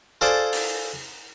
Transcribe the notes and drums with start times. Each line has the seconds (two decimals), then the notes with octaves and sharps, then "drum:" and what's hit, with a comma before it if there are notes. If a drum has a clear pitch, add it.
0.21 F4 G#4 A4 C5 D5 D6
0.53 drum: open hi-hat